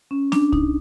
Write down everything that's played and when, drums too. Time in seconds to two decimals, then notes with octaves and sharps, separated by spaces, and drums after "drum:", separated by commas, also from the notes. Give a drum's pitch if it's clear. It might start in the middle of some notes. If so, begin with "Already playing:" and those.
0.11 C#4
0.32 D4, drum: snare
0.53 D#4, drum: kick C2